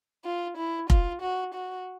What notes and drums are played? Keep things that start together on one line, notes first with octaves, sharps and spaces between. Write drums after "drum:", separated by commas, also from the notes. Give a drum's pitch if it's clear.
F4
E4
F4, drum: kick F1
F#4
F#4